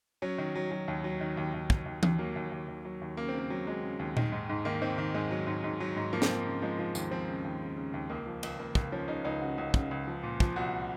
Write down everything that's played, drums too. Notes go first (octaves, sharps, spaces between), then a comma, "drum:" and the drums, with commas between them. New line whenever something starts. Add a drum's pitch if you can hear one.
F#3 C#4
D#3
F#3
F#3
D#2
F#3
D#3
D#2
D#2
F#3, drum: kick
D#2
D#2, drum: tom E3
F#3 A#3
D#2
D#2
D#2
F#3
D#2
C#3 A#3
C#3 C4
A#3
F#3
F#3 G#3
C#3
D#2
D#3, drum: tom A#2
G#2
G#2
D#3 A#3
D#3 C4
D#3
G#2 G#3
F#3
G#2
G#2
F#3
G#2
F3 A#3
C4, drum: snare
F3 A#3
C#3
F3 G#3
F3
D#2, drum: tambourine
F3 C4
C#3
D#2
C#3
C#3
D#2
C#2 A#3
F3
C#2, drum: cymbal
C#2 A#3
C#2 A#3, drum: kick
F3 C#4
C#3 D#4
C#2 D#4
C#3 F#4
C#2
C#3, drum: kick
C#2
F3
A#2
F3, drum: kick
C2 F#4